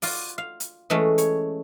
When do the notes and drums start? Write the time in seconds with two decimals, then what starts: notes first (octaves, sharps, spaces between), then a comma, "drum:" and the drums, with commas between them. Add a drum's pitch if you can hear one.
0.02 F4 F#4 D5, drum: open hi-hat
0.38 F5
0.60 drum: hi-hat
0.90 E3 G#3 A3 C#4
1.18 C#5, drum: hi-hat